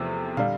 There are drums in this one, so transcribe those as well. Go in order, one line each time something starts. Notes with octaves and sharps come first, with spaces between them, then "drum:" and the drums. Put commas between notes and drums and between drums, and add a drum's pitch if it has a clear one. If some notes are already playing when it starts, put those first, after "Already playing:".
Already playing: E2 C3 F3 A3
D3 G3 F5, drum: tom